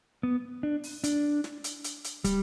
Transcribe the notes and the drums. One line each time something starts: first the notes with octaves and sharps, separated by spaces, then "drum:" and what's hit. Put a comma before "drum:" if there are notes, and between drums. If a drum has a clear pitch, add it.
B3
D4
drum: open hi-hat
D4, drum: hi-hat
drum: snare
drum: hi-hat
drum: hi-hat
drum: hi-hat
G3, drum: kick, hi-hat